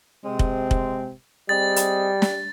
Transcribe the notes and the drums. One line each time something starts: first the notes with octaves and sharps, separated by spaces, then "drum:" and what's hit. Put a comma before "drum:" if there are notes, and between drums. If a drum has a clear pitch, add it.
C3 G#3 C4
drum: kick
drum: kick
G3 C4 G#4 D#5 A6
drum: hi-hat
drum: snare